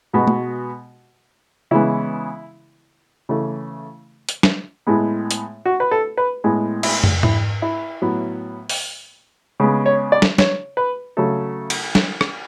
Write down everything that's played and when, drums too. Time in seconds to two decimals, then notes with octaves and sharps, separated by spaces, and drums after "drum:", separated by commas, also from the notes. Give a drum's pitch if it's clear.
0.13 B2 G#3 B3 F#4
0.27 drum: tom G#3
1.71 C#3 E3 G#3 B3 E4
3.29 C#3 E3 A3
4.29 drum: hi-hat
4.43 drum: snare
4.87 A2 G#3 B3
5.31 drum: hi-hat
5.65 F#4
5.80 B4
5.91 A4
6.17 B4
6.44 A2 G#3 B3
6.83 E4, drum: cymbal
7.04 drum: tom
7.23 E4, drum: tom G#2
7.62 E4
8.02 A2 F#3 B3
8.69 drum: open hi-hat
9.60 C#3 G#3 B3
9.86 C#5
10.12 D5
10.22 drum: snare
10.38 C#5, drum: snare
10.77 B4
11.17 C#3 F#3 A3 A4
11.70 drum: cymbal
11.95 drum: snare
12.21 drum: rim click